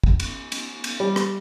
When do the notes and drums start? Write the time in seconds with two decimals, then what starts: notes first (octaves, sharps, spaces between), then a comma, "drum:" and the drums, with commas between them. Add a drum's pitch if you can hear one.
0.04 drum: kick
0.20 drum: cymbal
0.52 drum: cymbal
0.84 drum: cymbal
1.00 G3
1.16 drum: rim click